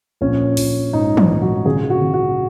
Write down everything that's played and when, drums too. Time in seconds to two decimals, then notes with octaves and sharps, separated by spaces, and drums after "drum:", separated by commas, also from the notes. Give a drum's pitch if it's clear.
0.21 A#1 C#4
0.57 A#1, drum: open hi-hat
0.93 G#2 D#4
1.17 D#4, drum: tom
1.29 A#1
1.42 F#4
1.66 C#3 G#4
1.90 F#4
2.02 C#3
2.14 F#4